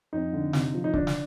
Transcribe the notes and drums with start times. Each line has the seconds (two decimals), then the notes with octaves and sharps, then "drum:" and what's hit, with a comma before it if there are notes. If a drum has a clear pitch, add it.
0.13 F2 D#4
0.33 D3
0.53 C3, drum: snare
0.74 F3
0.84 D#4
0.94 D3 D4, drum: kick C#1
1.07 drum: snare